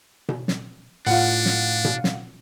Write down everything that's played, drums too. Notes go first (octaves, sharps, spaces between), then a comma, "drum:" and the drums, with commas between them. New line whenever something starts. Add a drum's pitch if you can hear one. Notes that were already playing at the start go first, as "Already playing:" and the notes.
drum: tom B2
drum: snare
A2 D4 F4 F#5
drum: snare
drum: tom B2
drum: snare